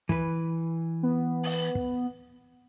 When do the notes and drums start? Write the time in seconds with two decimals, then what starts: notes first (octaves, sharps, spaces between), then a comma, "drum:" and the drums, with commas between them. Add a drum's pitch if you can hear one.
0.09 E3 B4, drum: kick
1.03 B3
1.43 drum: open hi-hat
1.75 drum: kick